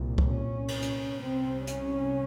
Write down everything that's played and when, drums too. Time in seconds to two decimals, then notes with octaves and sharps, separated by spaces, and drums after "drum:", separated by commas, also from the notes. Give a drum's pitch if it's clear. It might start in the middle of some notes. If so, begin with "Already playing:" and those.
Already playing: C2 A#2
0.18 drum: kick C2
0.29 C#4
0.68 drum: cymbal
0.82 drum: hi-hat
1.21 C2 C3 C4
1.67 C#4, drum: hi-hat